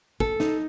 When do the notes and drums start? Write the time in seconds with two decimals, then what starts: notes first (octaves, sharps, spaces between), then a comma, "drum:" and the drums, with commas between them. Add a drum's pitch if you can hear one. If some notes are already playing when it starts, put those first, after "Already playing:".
0.20 A4, drum: kick
0.40 D#4, drum: snare